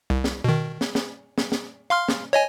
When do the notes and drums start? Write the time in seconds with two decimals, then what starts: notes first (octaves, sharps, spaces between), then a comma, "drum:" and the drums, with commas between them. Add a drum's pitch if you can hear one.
0.10 C2
0.24 drum: snare
0.44 B2 D#3
0.81 drum: snare
0.95 drum: snare
1.38 drum: snare
1.52 drum: snare
1.90 F5 C6 F6
2.08 drum: snare
2.33 C#5 D#5 G#5